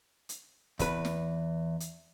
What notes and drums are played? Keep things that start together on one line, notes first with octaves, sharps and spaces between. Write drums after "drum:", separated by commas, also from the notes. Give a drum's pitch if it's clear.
drum: hi-hat
E2 B4, drum: kick, hi-hat
drum: snare
drum: hi-hat